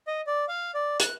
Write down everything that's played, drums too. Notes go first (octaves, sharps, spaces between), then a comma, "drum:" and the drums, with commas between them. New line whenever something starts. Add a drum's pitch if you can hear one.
D#5
D5
F5
D5
F#6, drum: hi-hat